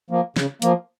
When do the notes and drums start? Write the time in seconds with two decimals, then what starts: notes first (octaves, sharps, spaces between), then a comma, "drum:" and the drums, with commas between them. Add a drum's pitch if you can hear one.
0.10 F3 A#3
0.36 C#3, drum: snare
0.62 F3 A#3, drum: hi-hat